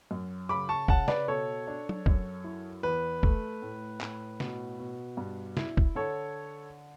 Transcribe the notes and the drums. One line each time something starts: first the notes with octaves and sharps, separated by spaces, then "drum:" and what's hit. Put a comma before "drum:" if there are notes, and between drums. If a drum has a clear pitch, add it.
F#2
C#3 B5 D6
A5 C#6
C#3 F#5 A5, drum: kick F1
B4 D5, drum: snare
B2 A4 C#5
D4
drum: tom F#3
F#2, drum: kick F1
E4
E2 B4
A3, drum: kick F1
A2
A2, drum: clap
B2, drum: snare
B2
G2
E4, drum: snare
drum: kick F1
D3 A4 C#5